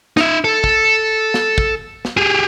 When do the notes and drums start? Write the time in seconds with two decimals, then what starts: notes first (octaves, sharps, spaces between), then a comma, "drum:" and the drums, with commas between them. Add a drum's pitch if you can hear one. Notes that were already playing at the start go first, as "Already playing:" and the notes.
0.17 D#4 E5, drum: snare
0.44 A4
0.64 drum: kick
1.34 drum: snare
1.58 drum: kick
2.05 drum: snare
2.17 G4 G#4